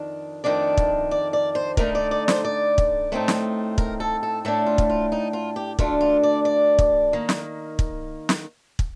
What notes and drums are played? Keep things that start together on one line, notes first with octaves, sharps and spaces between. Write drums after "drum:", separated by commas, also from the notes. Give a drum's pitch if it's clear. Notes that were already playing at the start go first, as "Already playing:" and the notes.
Already playing: F2 D#3 D4
F2 D#3 A3 D4 D5
drum: kick
D5
D5
C5
D3 A3 D#4 A#4, drum: kick
D5
D5
C5, drum: snare
D5
drum: kick
A2 A3 C4 D#4
drum: snare
A#4, drum: kick
A4
A4
A2 A3 D4 A4
F4
drum: kick
F4
D#4
F4
G4
D2 D3 A3 D4 F4, drum: kick
F4
D5
D5
drum: kick
D#3 A#3
drum: snare
drum: kick
drum: snare
drum: kick